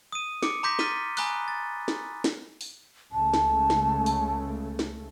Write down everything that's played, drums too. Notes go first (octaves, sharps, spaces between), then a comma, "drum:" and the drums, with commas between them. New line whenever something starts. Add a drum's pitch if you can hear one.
D#6 D#7
D6 C#7 D7, drum: snare
A#5 C6 D6 G6 A#6 B6
D6 F6 A6 B6 D#7 G7, drum: snare
G#5 A#5 B5 D#6 F#6 G7, drum: open hi-hat
A6
drum: snare
drum: snare
drum: open hi-hat
C#2 C#3 A3 A5
drum: snare
drum: snare
drum: open hi-hat
drum: snare